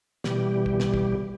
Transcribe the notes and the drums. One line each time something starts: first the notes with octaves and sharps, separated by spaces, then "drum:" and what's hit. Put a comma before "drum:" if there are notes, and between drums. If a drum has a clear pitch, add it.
B2 E3 G3 G4, drum: snare
drum: kick
drum: snare
drum: kick